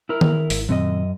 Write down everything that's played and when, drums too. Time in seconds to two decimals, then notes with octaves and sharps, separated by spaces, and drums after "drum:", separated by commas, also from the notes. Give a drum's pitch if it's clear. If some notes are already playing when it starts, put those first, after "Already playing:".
0.09 E4 A#4
0.21 drum: tom D#3
0.50 G#1, drum: open hi-hat
0.69 F#2 A#2 D#3 C4 D#5